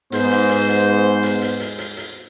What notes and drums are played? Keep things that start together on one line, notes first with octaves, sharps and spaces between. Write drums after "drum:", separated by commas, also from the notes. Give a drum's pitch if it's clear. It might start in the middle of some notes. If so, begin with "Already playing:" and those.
G#2 B3 C5, drum: hi-hat
drum: hi-hat
drum: hi-hat
drum: hi-hat
drum: hi-hat
drum: hi-hat
drum: hi-hat
drum: hi-hat
drum: hi-hat